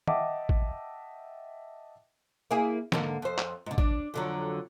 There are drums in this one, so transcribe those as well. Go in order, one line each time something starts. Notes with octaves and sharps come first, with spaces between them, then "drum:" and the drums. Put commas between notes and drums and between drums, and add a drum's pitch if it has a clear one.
D#5 E5 F#5 G5 A5 D6, drum: tom
drum: kick
A#3 E4 G#4
G#2 D3 A#3, drum: snare
F2 C5
drum: clap
G#2 D3
D4, drum: kick
F2 D3 F#3